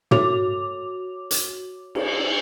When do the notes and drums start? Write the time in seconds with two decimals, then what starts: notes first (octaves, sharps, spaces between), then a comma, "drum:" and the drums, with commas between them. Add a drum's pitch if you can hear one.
0.11 F#4 C#5 D6 F7, drum: tom
1.31 drum: hi-hat
1.95 drum: cymbal